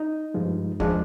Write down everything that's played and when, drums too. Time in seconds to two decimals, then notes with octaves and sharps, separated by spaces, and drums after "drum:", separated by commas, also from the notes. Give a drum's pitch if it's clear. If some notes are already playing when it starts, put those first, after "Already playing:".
Already playing: D#4
0.34 G2 F3 G#3
0.80 F3 G#3 D4, drum: kick